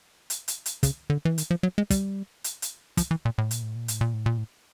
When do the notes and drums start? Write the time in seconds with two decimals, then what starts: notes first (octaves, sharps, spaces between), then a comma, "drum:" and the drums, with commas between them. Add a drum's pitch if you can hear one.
0.30 drum: hi-hat
0.48 drum: hi-hat
0.66 drum: hi-hat
0.83 C#3, drum: kick, hi-hat
1.10 D3
1.25 E3
1.38 D#3, drum: hi-hat
1.51 F3
1.63 F#3
1.78 G#3
1.90 G3, drum: kick, hi-hat
2.44 drum: hi-hat
2.62 drum: hi-hat
2.97 F3, drum: kick, hi-hat
3.11 E3
3.25 A#2
3.38 A2
3.51 A#2, drum: hi-hat
3.63 A2
3.76 A#2
3.88 A2, drum: hi-hat
4.01 A#2
4.13 A2
4.26 A#2
4.38 A2